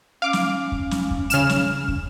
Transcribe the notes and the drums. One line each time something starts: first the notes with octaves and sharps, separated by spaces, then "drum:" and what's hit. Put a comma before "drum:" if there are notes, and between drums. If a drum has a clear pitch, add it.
C#4 F5 D6
drum: snare
drum: kick
drum: snare
drum: kick
C#3 F6 E7, drum: hi-hat
drum: snare
drum: kick